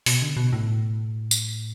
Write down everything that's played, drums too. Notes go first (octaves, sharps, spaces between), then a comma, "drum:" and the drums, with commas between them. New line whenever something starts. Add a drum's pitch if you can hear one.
B2, drum: open hi-hat
D3
B2
A2
drum: tambourine